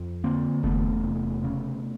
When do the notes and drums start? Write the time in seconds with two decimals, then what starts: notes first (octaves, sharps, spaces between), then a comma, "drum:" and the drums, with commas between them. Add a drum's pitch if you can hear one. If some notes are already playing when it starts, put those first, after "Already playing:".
Already playing: F2
0.24 D3 A#3 C4
0.63 E2 A3 B3, drum: kick F1
1.03 C3
1.44 C#3